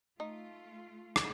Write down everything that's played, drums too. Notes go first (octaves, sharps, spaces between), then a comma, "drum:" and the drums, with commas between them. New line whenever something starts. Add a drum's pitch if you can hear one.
A3 D#4 F4
drum: rim click